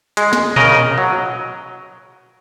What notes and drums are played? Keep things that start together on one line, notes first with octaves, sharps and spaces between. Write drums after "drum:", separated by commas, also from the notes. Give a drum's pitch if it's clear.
G#3, drum: hi-hat
drum: snare
C#3 A#4 D#5, drum: tom A#2
F#3